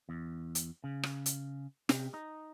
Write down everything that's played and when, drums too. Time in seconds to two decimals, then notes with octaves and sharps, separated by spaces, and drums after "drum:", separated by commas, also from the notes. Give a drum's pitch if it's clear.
0.09 E2
0.55 drum: hi-hat
0.84 C#3
1.03 drum: rim click
1.26 drum: hi-hat
1.89 C3, drum: snare
2.14 D#4